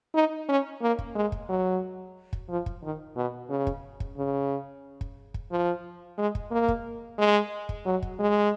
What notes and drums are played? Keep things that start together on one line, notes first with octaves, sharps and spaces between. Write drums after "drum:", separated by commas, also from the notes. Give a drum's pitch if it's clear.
D#4
C#4
A#3
drum: kick
G#3
drum: kick
F#3
drum: kick
F3
drum: kick
D#3
B2
C#3
drum: kick
drum: kick
C#3
drum: kick
drum: kick
F3
G#3
drum: kick
A#3
drum: kick
G#3
drum: kick
F#3
drum: kick
G#3